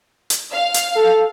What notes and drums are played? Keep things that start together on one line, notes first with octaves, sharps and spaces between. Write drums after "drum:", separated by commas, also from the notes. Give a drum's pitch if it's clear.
drum: hi-hat
F5
drum: hi-hat
A4